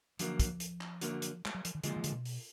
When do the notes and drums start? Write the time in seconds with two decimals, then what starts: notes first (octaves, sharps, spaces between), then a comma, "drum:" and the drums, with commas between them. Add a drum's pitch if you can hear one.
0.19 F#2 D3 F3 F#3 A#3, drum: hi-hat
0.39 drum: kick, hi-hat
0.60 drum: hi-hat
0.81 drum: clap
1.01 F#2 D3 F#3 A#3, drum: hi-hat
1.22 drum: hi-hat
1.45 G#3, drum: clap
1.54 F#3
1.65 F3, drum: hi-hat
1.75 D#3
1.84 B1 A#2 D3 F3 G#3, drum: hi-hat
1.96 D#3
2.04 D3, drum: hi-hat
2.12 B2
2.25 drum: open hi-hat